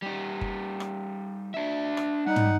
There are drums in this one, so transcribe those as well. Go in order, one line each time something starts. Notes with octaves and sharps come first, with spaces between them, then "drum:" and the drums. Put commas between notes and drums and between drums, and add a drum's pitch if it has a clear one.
G3 D#4
drum: kick F#1
drum: rim click
D4 E5
drum: rim click
G3 D#4 F#5
drum: tom